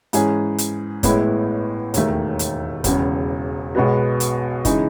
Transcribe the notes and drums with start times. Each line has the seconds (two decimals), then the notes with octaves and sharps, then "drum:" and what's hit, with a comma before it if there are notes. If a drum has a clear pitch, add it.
0.13 G#2 E3 G#3 C#4 G#4, drum: hi-hat
0.58 drum: hi-hat
1.03 A1 A2 G#3 B3 E4, drum: kick, hi-hat
1.94 E1 D#2 D#3 A3, drum: hi-hat
2.39 drum: hi-hat
2.84 E1 E2 C#3, drum: kick, hi-hat
3.75 B1 B2 G#3 B3 F#4
4.20 drum: hi-hat
4.65 C#3 E3 G#3 D#4 G#4, drum: kick, hi-hat